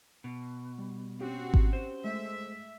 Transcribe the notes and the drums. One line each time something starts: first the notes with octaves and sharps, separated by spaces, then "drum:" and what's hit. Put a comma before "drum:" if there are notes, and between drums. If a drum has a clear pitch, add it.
B2
G3
C4 C#4 F#4 G4 G5
drum: kick G#1
C5
G#3 A3 E5